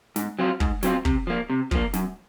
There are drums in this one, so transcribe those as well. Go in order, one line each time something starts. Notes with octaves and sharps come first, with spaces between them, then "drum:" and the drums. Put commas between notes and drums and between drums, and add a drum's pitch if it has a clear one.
G#2, drum: snare
F#3 C4 F4
G#2, drum: kick
F#3 C4 F4, drum: snare
C3, drum: kick
F3 A#3
C3
F3 A#3, drum: kick
F#2, drum: snare